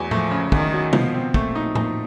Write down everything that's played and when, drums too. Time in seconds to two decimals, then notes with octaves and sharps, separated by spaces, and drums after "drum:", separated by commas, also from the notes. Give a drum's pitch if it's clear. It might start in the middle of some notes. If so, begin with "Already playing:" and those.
Already playing: E2 F#3 A3
0.11 F3 A3, drum: tom A2
0.31 C#3
0.52 E2 D#3, drum: kick
0.73 F#3
0.93 B2 F3, drum: tom C3
1.14 C4
1.34 A#2 A3, drum: kick
1.55 D#4
1.75 A#2 D#4, drum: tom A2